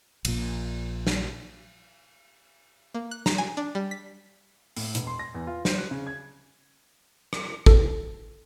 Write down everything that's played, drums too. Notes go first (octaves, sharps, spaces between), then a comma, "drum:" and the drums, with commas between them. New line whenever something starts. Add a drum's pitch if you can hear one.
A#1 A#2, drum: cymbal
drum: snare
A#3
F#6
A#5, drum: snare
G#5
D4
G3
B6
A2, drum: open hi-hat
E1, drum: hi-hat
C6
A#6
E2
F4
C5, drum: snare
F#6
C#3
G#6
drum: rim click
A4, drum: kick G#1